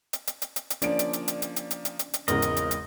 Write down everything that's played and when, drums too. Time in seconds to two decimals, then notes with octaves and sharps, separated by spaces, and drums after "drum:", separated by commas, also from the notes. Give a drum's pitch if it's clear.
0.13 drum: hi-hat
0.27 drum: hi-hat
0.42 drum: hi-hat
0.56 drum: hi-hat
0.70 drum: hi-hat
0.82 F3 A#3 C#4 D4 D5 D7, drum: hi-hat
0.99 drum: hi-hat
1.13 drum: hi-hat
1.28 drum: hi-hat
1.42 drum: hi-hat
1.56 drum: hi-hat
1.71 drum: hi-hat
1.85 drum: hi-hat
1.99 drum: hi-hat
2.14 drum: hi-hat
2.28 G#1 E2 C#3 A#4 D#5, drum: hi-hat
2.42 drum: hi-hat
2.57 drum: hi-hat
2.71 drum: hi-hat